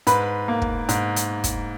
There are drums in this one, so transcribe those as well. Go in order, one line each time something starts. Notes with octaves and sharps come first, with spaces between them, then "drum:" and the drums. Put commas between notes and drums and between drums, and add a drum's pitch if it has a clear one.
G#2 B4 B5, drum: hi-hat
A#3
drum: kick
G#2, drum: hi-hat
drum: hi-hat
drum: kick, hi-hat